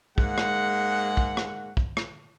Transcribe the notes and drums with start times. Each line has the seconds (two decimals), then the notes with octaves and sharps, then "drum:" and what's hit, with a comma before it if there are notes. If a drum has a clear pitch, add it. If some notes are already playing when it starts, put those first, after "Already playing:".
0.18 G#2 G#3 A#3 F#5, drum: kick
0.38 drum: rim click
1.17 drum: kick
1.37 drum: rim click
1.77 drum: kick
1.97 drum: rim click